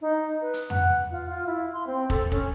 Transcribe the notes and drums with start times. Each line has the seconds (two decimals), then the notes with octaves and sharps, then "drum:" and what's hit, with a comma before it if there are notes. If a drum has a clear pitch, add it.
0.01 D#4
0.42 B4
0.54 drum: hi-hat
0.70 F#5, drum: tom F2
1.11 F4
1.29 F4
1.47 E4
1.73 C6
1.87 C4
2.10 A4, drum: kick
2.32 C#4, drum: kick